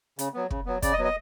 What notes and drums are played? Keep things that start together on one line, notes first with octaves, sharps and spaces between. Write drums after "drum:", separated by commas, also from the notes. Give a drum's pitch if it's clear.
C#3, drum: hi-hat
F#3 B3
C#3, drum: kick
F#3 B3
C#3 D5, drum: kick, hi-hat
D#5
F#3 B3
D#5